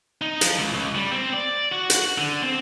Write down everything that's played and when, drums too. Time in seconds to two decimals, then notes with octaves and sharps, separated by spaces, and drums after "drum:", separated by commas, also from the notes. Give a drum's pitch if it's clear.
0.22 D#4
0.41 F3, drum: hi-hat
0.58 C#2
0.74 C#2
0.95 G3
1.13 C4
1.33 D5
1.72 F#4
1.90 drum: hi-hat
2.18 D3
2.43 C4